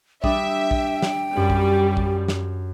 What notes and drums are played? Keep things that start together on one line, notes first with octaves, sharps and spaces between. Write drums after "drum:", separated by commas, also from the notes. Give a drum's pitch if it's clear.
G3 D4 E5 G5 D#6, drum: kick
drum: kick
drum: snare
F#2 G3 F#4
drum: kick
drum: kick
drum: snare